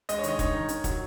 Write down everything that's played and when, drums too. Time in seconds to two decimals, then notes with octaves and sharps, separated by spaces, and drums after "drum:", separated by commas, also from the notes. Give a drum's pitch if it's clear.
0.09 G#3 D#5, drum: hi-hat
0.19 C#5
0.23 D#3 D#5, drum: hi-hat
0.39 D#4 C#5, drum: kick, hi-hat
0.54 D#3
0.69 C#4, drum: hi-hat
0.84 F#3, drum: kick, hi-hat